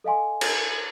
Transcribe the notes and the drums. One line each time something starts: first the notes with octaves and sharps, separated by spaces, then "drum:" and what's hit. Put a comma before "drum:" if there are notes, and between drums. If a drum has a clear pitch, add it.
A4 D#5 F5 G#5 C6
drum: cymbal